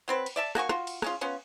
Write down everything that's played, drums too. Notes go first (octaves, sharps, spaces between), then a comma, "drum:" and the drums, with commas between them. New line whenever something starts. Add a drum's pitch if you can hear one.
F#3 C4 B4
drum: cymbal
D5 E5 A5
A#3 F#4 G#5 C#6, drum: rim click
F4 F#4, drum: rim click
drum: cymbal
G#3 C#4 F4, drum: rim click
B3 C#4 F4